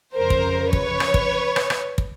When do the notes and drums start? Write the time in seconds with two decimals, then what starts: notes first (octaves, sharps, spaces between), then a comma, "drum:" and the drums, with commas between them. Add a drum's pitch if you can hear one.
0.16 F2 C#3 F3 A#4 C5
0.30 drum: kick
0.73 B4 C#5, drum: kick
1.00 drum: rim click
1.14 drum: kick
1.56 drum: rim click
1.70 drum: rim click
1.98 drum: kick